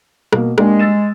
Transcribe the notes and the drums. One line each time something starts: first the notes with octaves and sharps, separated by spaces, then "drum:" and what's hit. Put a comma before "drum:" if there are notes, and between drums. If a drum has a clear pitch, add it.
B2 A#3, drum: rim click
G#3 A#3 D4 G4, drum: rim click
E6 A6 E7